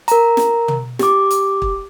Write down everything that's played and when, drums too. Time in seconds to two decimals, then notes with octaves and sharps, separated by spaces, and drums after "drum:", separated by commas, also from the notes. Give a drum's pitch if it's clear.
0.08 A#4 A#5, drum: hi-hat
0.37 drum: snare
0.68 drum: tom
0.99 G4 D6, drum: snare
1.31 drum: hi-hat
1.62 drum: kick